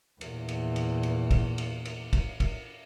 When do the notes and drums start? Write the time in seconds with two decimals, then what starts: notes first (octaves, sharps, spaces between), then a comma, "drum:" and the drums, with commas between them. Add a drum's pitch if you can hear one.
0.21 E2 A#2, drum: cymbal
0.49 drum: cymbal
0.76 drum: cymbal
1.03 drum: cymbal
1.31 drum: kick, cymbal
1.58 drum: cymbal
1.85 drum: cymbal
2.13 drum: kick, cymbal
2.40 drum: kick, cymbal